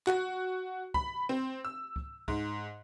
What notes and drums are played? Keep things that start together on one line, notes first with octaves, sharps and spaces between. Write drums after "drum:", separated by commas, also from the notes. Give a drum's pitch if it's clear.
F#4, drum: clap
B5, drum: kick C#2
C4
E6
drum: kick C#2
G#2, drum: kick C#2